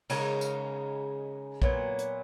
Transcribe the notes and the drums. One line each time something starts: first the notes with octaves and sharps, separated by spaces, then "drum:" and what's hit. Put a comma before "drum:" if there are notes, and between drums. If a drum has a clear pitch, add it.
C#3 G#3 D#4 A#4, drum: cymbal
drum: tambourine
A#2 F#3 B3, drum: kick A#1
drum: hi-hat